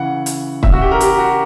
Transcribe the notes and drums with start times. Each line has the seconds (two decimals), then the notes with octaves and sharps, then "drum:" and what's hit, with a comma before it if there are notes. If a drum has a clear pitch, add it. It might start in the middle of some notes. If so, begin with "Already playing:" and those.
Already playing: C#3 E3 F#5
0.26 drum: hi-hat
0.63 E5, drum: kick
0.73 F#4
0.81 G4
0.91 A#4
1.00 G4, drum: hi-hat
1.18 F#4